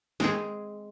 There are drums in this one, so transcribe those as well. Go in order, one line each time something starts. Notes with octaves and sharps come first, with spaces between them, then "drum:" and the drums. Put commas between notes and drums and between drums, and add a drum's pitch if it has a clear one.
G#3 C4 G#4, drum: snare